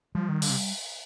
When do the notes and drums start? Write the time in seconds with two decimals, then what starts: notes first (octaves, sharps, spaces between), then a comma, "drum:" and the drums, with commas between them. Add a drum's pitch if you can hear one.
0.15 F3 G3
0.29 D#3
0.42 D3, drum: open hi-hat
0.50 C3